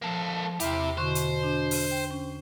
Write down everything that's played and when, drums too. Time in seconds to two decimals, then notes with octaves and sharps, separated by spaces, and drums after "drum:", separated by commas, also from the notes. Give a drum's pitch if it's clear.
0.02 F3 A#3 A4
0.60 E2 C3 E4 G4 F6, drum: hi-hat
0.97 B2 D3 C5 C#6
1.15 drum: hi-hat
1.43 D4
1.71 drum: open hi-hat
1.91 G5
2.11 C#4